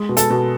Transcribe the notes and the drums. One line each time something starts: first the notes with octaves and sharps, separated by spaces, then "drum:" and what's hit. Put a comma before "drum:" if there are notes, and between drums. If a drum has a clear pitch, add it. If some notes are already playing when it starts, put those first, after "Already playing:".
Already playing: G#3
B2
A4, drum: hi-hat
B2